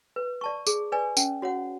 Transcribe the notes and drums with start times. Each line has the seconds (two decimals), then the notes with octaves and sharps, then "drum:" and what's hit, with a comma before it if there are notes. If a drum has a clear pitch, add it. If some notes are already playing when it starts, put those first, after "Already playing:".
0.16 B4
0.41 D5 A5 C#6
0.67 G#4, drum: tambourine
0.92 B4 D5 G#5
1.17 C#4, drum: tambourine
1.42 F#4 C#5 F#5